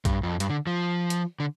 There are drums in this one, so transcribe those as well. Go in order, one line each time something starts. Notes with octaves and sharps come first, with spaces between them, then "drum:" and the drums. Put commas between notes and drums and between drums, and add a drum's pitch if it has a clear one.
G2, drum: kick A#1, hi-hat
F2
G2, drum: hi-hat
D3
F3
drum: hi-hat
D3